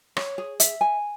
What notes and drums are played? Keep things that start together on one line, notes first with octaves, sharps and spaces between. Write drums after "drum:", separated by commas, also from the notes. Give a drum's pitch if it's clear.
C#5, drum: rim click
G#4
E5, drum: hi-hat
G#5